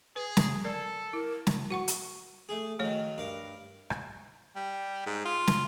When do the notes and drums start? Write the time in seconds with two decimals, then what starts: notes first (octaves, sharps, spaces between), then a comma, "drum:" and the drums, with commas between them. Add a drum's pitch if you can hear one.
0.16 G#4 B4
0.37 drum: snare
0.64 A4 A#4 D5
1.13 E4 A#4
1.47 drum: snare
1.70 F#4 F#5 C#6
1.88 drum: hi-hat
2.49 A3 G#4
2.79 D#3 F#3 A3 C#5
3.18 G2 A#4 F5
3.90 drum: rim click
4.56 G3
5.06 G#2
5.25 F4
5.47 drum: snare